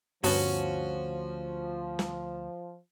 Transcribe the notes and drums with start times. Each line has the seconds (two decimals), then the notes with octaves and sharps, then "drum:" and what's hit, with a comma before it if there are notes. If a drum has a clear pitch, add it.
0.24 D2 G2 F3 B3 C#4 F#4 C#5 A5, drum: open hi-hat
1.99 drum: snare